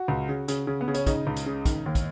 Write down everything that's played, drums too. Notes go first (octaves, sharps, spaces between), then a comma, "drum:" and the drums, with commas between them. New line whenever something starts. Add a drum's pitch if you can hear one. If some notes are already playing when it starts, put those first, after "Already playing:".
Already playing: F#4
C#2
C#3
C#3, drum: hi-hat
C#3
B3
C#3
C#4, drum: hi-hat
C#3 D#4, drum: kick, hi-hat
C#2
drum: hi-hat
C#3
D#3, drum: kick, hi-hat
D#2
drum: kick, hi-hat